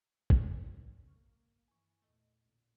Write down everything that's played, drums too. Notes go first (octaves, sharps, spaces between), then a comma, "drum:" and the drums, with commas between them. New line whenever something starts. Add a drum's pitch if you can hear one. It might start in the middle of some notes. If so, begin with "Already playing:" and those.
drum: kick
A#4 B4
G2 A#3 C#6 F6
G2 E3 G#5 C#6
E2 A#2 A3 D#5
A1 A#2 D3